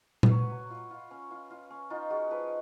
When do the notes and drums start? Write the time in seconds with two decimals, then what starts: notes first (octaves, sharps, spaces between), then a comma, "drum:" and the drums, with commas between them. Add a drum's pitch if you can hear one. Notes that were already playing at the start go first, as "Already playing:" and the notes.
0.23 B4, drum: tom A#2
0.31 F#3 C#5
0.51 F#3
0.70 F4
0.91 F4
1.11 C#4
1.31 F4
1.50 F4
1.70 C#4
1.90 D#4 F4
2.10 G#3 F#4
2.31 F3 B4